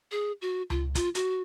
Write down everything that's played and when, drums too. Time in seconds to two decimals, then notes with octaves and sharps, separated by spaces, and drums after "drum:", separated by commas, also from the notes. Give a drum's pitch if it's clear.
0.11 G#4
0.42 F#4
0.70 F4, drum: tom C#2
0.95 F4, drum: kick, hi-hat
1.15 F#4, drum: hi-hat